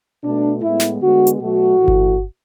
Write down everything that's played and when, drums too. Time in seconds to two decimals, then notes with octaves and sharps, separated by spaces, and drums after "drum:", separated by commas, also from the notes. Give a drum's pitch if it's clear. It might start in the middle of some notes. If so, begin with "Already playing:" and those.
0.24 B2 A3 D4
0.63 A2 G#3 B3 E4
0.80 drum: snare
1.01 D3 G#3 B3 F#4
1.27 drum: hi-hat
1.39 B2 F#3 A3 F#4
1.77 A2 E3 A3
1.88 drum: kick G1